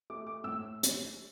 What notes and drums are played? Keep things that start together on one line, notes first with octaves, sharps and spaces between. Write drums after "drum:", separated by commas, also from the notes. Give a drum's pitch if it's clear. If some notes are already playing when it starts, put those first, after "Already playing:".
A3 D6
D6
A2 E6
drum: hi-hat